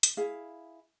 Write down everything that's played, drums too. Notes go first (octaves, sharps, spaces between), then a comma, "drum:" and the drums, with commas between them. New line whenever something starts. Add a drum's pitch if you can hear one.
drum: hi-hat
E4 G#4 F5